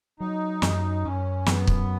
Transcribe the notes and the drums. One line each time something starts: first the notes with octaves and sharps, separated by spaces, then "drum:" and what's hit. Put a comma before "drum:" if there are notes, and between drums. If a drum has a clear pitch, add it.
F#3 D#4
F#2, drum: snare
F#2 C#4
F#2 B3, drum: snare
drum: kick